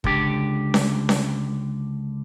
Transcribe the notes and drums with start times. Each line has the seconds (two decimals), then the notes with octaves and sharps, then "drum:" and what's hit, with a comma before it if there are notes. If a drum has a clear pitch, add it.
0.04 C#2 D3 G4, drum: kick
0.74 drum: snare C#4
1.09 drum: snare C#4